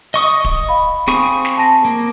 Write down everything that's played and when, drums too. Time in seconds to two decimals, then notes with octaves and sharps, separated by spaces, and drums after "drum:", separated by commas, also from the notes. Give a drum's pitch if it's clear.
0.14 D#5 C#6 D#6
0.44 drum: kick D1
0.69 F5 B5
1.08 C4 G#4 C#6, drum: snare
1.45 drum: snare
1.58 A5 A#6
1.85 A#3